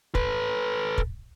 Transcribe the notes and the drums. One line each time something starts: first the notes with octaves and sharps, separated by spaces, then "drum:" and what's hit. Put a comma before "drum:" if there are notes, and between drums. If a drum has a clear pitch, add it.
A4 B4, drum: kick
drum: kick